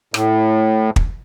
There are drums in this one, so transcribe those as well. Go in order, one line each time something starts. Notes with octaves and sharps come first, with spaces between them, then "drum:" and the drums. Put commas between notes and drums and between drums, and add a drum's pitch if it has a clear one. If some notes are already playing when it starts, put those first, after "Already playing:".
A2, drum: rim click
drum: kick